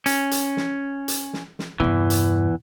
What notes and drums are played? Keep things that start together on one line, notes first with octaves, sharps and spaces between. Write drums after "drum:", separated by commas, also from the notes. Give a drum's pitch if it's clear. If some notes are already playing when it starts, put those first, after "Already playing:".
C#4, drum: hi-hat
drum: hi-hat
drum: snare
drum: hi-hat
drum: snare
drum: snare
E2 G2 C3 E3
drum: hi-hat